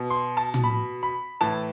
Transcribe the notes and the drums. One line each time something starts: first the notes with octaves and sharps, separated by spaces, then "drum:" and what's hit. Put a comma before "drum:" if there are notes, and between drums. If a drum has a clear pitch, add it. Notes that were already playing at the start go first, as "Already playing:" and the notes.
Already playing: B2
C6
A5
drum: tom
B5
B5
A2 E3 A5